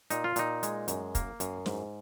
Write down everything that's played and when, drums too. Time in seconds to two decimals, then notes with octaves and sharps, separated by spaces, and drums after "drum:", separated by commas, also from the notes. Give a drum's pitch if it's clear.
0.10 A#2 D#4, drum: hi-hat
0.24 F4
0.36 A#2 D#4, drum: hi-hat
0.63 G#3, drum: hi-hat
0.88 F#2, drum: hi-hat
1.15 A#3, drum: kick, hi-hat
1.40 F#2, drum: hi-hat
1.66 G#2, drum: snare